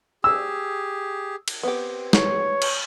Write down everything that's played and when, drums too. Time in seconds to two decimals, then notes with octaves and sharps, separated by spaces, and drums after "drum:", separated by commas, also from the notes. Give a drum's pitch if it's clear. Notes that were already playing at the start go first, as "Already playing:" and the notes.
0.24 G4 G#4 E6
1.48 drum: cymbal
1.63 B3 C4 G4
2.13 C#5, drum: snare
2.62 drum: cymbal